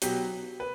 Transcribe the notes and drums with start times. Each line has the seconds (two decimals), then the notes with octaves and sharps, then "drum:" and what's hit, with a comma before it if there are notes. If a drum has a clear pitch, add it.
0.02 B2 F#3 G4, drum: hi-hat
0.60 B4